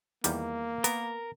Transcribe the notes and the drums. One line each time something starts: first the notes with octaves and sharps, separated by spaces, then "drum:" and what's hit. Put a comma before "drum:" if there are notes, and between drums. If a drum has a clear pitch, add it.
E2 D#3 G3 A#3, drum: hi-hat
B3 A#4, drum: hi-hat